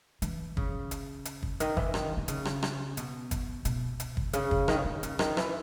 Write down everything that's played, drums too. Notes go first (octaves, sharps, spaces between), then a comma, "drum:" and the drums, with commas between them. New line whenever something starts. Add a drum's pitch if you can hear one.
E3, drum: hi-hat
C#3, drum: kick
drum: hi-hat
drum: hi-hat
drum: kick
D#3, drum: hi-hat
E3, drum: kick
D#3, drum: rim click
D#3
C#3, drum: hi-hat
drum: rim click
drum: rim click
B2, drum: hi-hat
drum: kick, hi-hat
B2, drum: hi-hat
drum: hi-hat
drum: kick
C#3, drum: hi-hat
drum: kick
D#3, drum: rim click
C#3
D#3
C#3, drum: hi-hat
D#3, drum: rim click
E3, drum: rim click